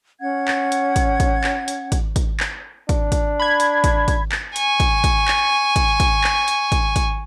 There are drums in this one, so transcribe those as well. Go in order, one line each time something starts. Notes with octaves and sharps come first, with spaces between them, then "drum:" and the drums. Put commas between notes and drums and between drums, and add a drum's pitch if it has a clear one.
C#4 F#5 G#6
drum: clap
drum: hi-hat
drum: kick, hi-hat
drum: kick, hi-hat
drum: clap
drum: hi-hat
drum: kick, hi-hat
drum: kick, hi-hat
drum: clap
D4, drum: kick, hi-hat
drum: kick, hi-hat
B5 G#6
drum: hi-hat
drum: kick, hi-hat
drum: kick, hi-hat
drum: clap
G#5 C#6, drum: hi-hat
drum: kick, hi-hat
drum: kick, hi-hat
drum: clap
drum: kick, hi-hat
drum: kick, hi-hat
drum: clap
drum: hi-hat
drum: kick, hi-hat
drum: kick, hi-hat